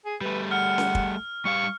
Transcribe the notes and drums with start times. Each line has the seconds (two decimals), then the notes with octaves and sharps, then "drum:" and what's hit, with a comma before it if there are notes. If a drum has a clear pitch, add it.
0.05 G#4
0.21 G3 A3 B4
0.51 F#5 F6
0.78 drum: snare C#4
0.95 drum: kick
1.45 G3 G4 F5 C#6